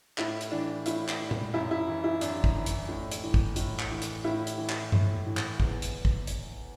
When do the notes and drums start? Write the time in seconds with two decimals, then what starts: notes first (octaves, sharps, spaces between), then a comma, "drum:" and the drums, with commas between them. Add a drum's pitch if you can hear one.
0.18 A2 E4, drum: clap
0.41 drum: hi-hat
0.51 E3 D4
0.86 A2 E4, drum: hi-hat
1.08 drum: clap
1.20 E3
1.31 drum: tom A#2
1.54 F#2 E4
1.71 E4
1.87 E3
2.04 E4
2.21 F#2 D4, drum: hi-hat
2.44 drum: kick
2.56 E3
2.66 drum: hi-hat
2.88 A2
3.12 drum: hi-hat
3.23 E3
3.34 drum: kick
3.56 A2, drum: hi-hat
3.79 drum: clap
3.91 E3
4.02 drum: hi-hat
4.24 A2 E4
4.47 drum: hi-hat
4.58 E3
4.69 drum: clap
4.92 A2, drum: tom G2
5.26 E3
5.37 drum: clap
5.60 E2, drum: kick
5.82 drum: hi-hat
6.05 drum: kick
6.27 drum: hi-hat